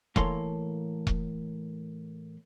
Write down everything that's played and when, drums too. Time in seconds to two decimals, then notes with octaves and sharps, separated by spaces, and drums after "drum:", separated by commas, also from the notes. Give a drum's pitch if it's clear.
0.16 A2 E3 A#3 A4 C#5 C6, drum: kick E1
1.07 drum: kick E1